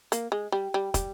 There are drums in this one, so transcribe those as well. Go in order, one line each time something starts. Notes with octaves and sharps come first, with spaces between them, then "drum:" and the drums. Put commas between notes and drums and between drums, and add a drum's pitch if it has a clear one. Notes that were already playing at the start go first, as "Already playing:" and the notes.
A#3, drum: hi-hat
G#3
G3
G3
G3, drum: kick, hi-hat